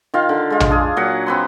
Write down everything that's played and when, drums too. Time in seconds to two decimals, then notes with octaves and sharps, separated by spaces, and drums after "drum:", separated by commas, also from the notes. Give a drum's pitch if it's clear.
0.14 D#3 F4 F5
0.29 D3
0.50 G#3 F4
0.60 drum: tom A#1
0.69 D4 G#4
0.97 A#2 F#3 F#5
1.26 C4 B4 C6